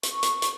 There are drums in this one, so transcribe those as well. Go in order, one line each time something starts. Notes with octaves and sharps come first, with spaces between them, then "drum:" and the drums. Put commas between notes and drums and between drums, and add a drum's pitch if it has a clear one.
C#6, drum: hi-hat
drum: hi-hat
drum: hi-hat